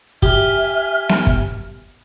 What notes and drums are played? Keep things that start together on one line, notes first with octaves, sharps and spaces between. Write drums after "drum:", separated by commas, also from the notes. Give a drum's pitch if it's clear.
G4 E5 G#5 F6, drum: kick
drum: snare B3
drum: kick